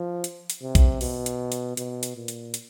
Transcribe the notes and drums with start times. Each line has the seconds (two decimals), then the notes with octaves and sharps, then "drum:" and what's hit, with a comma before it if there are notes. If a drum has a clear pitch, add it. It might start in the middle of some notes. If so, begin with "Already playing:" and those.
Already playing: F3
0.24 drum: hi-hat
0.50 drum: hi-hat
0.62 C3
0.75 drum: kick B1, hi-hat
1.01 B2, drum: open hi-hat
1.26 drum: hi-hat
1.52 drum: hi-hat
1.77 B2, drum: hi-hat
2.03 drum: hi-hat
2.16 A#2
2.28 drum: hi-hat
2.54 drum: hi-hat